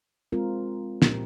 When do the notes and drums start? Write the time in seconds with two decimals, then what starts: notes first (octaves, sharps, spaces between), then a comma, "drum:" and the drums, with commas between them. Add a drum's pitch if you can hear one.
0.32 G#3 C4 F4 A#4
1.02 A#2 F3 C4 G4 A#4, drum: snare